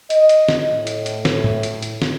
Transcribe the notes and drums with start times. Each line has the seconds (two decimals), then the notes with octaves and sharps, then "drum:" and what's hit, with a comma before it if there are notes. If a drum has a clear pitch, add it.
0.10 D#5, drum: hi-hat
0.29 drum: hi-hat
0.49 drum: snare
0.73 A2
0.87 drum: hi-hat
1.06 drum: hi-hat
1.25 drum: snare
1.44 drum: tom
1.63 drum: hi-hat
1.82 drum: hi-hat
2.02 drum: snare